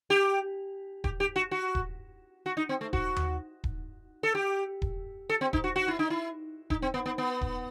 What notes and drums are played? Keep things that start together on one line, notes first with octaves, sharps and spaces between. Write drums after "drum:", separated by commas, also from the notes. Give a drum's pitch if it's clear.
G4
G4, drum: kick D#1
G4
F#4
F#4
drum: kick D#1
F#4
D#4
C4
A3
F#4, drum: kick D#1
drum: tom D#2
drum: kick D#1
A4
G4
drum: kick D#1
A4
C4
D#4, drum: kick D#1
F#4
F#4
E4
D#4
E4
D#4, drum: kick D#1
C4
B3
B3
B3
drum: kick D#1